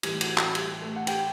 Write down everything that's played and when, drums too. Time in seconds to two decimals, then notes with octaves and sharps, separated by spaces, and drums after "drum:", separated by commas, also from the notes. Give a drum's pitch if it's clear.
0.03 A2 E3 G3 G4, drum: cymbal
0.21 F#4, drum: cymbal
0.38 F#4, drum: clap
0.55 G3 G4, drum: cymbal
0.81 A3 A4
0.96 F#5
1.07 G4 G5, drum: cymbal